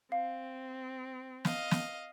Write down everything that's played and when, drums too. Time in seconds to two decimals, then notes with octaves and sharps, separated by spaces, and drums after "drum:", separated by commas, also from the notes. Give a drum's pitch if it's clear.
0.12 C4 F5
1.45 D#5 F5, drum: snare
1.71 drum: snare